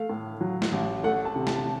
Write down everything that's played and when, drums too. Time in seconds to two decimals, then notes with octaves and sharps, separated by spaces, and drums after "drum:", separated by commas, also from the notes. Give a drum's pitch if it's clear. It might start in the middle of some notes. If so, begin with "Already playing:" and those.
Already playing: A3 F5
0.10 A2
0.41 F#3
0.62 drum: snare
0.72 A1
1.04 A3 F#5
1.25 A5
1.36 C3
1.47 A5, drum: snare